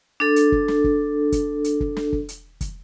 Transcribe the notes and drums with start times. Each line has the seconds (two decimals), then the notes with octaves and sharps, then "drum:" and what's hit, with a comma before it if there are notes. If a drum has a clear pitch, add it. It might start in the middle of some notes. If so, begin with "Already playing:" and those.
0.20 D4 A4
0.36 drum: hi-hat
0.52 drum: kick
0.68 drum: snare
0.84 drum: kick
1.32 drum: kick, hi-hat
1.64 drum: hi-hat
1.80 drum: kick
1.96 drum: snare
2.13 drum: kick
2.29 drum: hi-hat
2.61 drum: kick, hi-hat